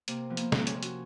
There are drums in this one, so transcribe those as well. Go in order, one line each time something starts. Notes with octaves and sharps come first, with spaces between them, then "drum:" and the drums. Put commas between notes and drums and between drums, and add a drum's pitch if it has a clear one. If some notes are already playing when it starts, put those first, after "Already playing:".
C3 A#3, drum: hi-hat
F3 B3
A#3, drum: hi-hat
C3 A#3, drum: snare
C#4, drum: hi-hat
F3
F#4, drum: hi-hat